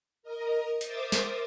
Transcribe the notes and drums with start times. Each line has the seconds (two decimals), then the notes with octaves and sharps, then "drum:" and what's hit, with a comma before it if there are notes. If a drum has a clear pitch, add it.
0.23 A#4 D#5 A#5
0.81 A#4 C5 E5 D6 D#6 A6, drum: hi-hat
1.12 drum: snare